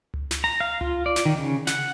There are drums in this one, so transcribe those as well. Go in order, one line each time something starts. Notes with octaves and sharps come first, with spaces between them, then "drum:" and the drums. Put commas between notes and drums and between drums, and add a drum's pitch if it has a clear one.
drum: tom C#2
drum: snare
A#5
F5
F4, drum: tom C#2
D5
drum: snare
D#3
C#3
F#5, drum: snare